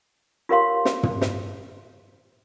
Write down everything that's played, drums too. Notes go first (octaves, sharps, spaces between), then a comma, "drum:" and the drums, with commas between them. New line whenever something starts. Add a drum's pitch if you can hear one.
F4 G4 A#4 C#5 F5 C6
drum: snare
drum: tom
drum: snare